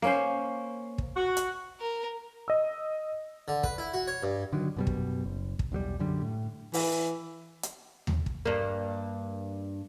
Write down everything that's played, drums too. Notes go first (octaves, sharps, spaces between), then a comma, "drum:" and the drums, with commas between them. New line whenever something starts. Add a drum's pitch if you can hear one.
A#3 C#4 C5, drum: snare D#4
drum: kick
F#4
drum: hi-hat
A#4
D#5 E6
D3
B4, drum: kick
E4
F#4
C#5
G2
D3 D#3 F#3
F#2 B2 G3
drum: kick
F#1
drum: kick
B1 E2 F#3 G3
F#2 D3 G3
A2
E3, drum: open hi-hat
drum: hi-hat
drum: tom D#2
drum: kick
G2 A#3